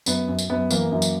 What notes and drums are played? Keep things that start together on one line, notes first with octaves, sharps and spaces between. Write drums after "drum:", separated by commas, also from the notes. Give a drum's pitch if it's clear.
F#2 B3, drum: tambourine
F#2
drum: tambourine
F#2 B3
E3 A#3, drum: tambourine
F#2
drum: tambourine